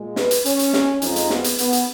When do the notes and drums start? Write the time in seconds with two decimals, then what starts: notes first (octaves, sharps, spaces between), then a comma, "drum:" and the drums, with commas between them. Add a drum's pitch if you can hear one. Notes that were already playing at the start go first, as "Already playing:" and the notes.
Already playing: A#2 G#3
0.16 B4, drum: snare
0.31 drum: hi-hat
0.45 C#4, drum: hi-hat
0.59 drum: hi-hat
0.73 drum: snare
1.02 F2 F3 G#3 D#4, drum: hi-hat
1.16 drum: hi-hat
1.30 B3, drum: snare
1.44 drum: hi-hat
1.58 B3, drum: hi-hat
1.73 drum: hi-hat